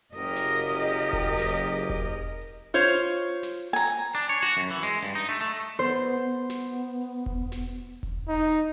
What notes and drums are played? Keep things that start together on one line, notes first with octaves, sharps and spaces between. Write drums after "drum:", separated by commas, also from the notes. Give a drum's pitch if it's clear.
F#1 G4 G#4 A#4 D#5
drum: snare
drum: open hi-hat
drum: kick E1
drum: snare
drum: kick E1, hi-hat
drum: hi-hat
F4 C5 C#5
drum: hi-hat
drum: snare
G#5 A#5
drum: open hi-hat
D4
C#5
F#4, drum: snare
F#2
E3
G#3
G2
D#4
A3
A3
B3 C5
drum: hi-hat
B3
drum: snare
drum: open hi-hat
drum: kick E1
drum: snare
drum: kick E1, hi-hat
D#4
drum: hi-hat